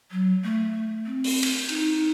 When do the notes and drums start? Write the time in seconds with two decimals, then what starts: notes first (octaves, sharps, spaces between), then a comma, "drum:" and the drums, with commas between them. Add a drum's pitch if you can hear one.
0.11 F#3
0.43 A3
1.06 C4
1.24 drum: open hi-hat
1.43 drum: cymbal
1.69 D#4, drum: cymbal